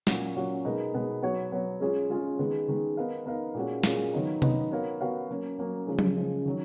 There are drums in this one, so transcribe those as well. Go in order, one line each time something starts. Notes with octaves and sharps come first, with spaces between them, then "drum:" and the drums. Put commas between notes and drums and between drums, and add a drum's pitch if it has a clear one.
A#2 F#3 C#4 F#4, drum: snare
A#2 F#3 C#4 F#4
B2 G#3 B3 D#4 A#4
B2 G#3 B3 D#4 A#4
F#3 B3 F#4 C#5
F#3 B3 F#4 C#5
G#3 C#4 F4 G#4 C#5
G#3 C#4 F4 G#4 C#5
D#3 G#3 B3
D#3 G#3 B3
B3 D#4 A#4 F5
B3 D#4 A#4 F5
A#2 G#3 C#4 F#4
A#2 G#3 C#4 F#4, drum: snare
D#3 F#3 B3 D#4
D#3 F#3 B3 D#4, drum: tom C3
B3 F#4 A#4 C#5 F5
B3 F#4 A#4 C#5 F5
F#3 A#3 C#4
F#3 A#3 C#4
C#3 F3 G#3
drum: tom F#3
C#3 F3 G#3
D#3 F#3